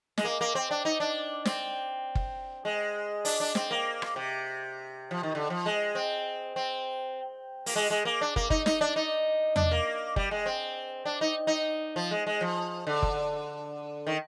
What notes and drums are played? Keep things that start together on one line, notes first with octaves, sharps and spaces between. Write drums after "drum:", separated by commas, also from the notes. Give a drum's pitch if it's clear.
G#3, drum: snare
A#3
A#3
C4
D4
D#4
D4
C4, drum: snare
drum: kick
G#3
D4, drum: open hi-hat
D4
C4, drum: snare
A#3
drum: rim click
C3
F3
D#3
D3
F3
G#3
C4
C4
A#3, drum: open hi-hat
G#3
G#3
A#3
D4
A#3, drum: kick
D#4, drum: kick
D#4, drum: snare
D4
D#4
D4, drum: tom E2
A#3
G3, drum: kick
G#3
C4
D4
D#4
D#4
F3
G#3
G#3
F3
D3
drum: kick
D#3